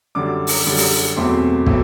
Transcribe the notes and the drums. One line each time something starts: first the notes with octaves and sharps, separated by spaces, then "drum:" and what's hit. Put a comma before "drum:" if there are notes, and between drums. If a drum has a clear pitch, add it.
F#2 D3 G3 D6
drum: open hi-hat
F#2 D3 G3
drum: open hi-hat
E2 B2 F#3 A3 C4 C6
B2 F#3 A3 C4, drum: kick